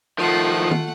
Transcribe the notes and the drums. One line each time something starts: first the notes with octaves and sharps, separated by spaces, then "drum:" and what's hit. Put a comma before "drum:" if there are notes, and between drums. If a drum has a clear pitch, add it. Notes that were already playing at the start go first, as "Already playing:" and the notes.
D#3 F3 A3 F4 F#5
drum: tom D#3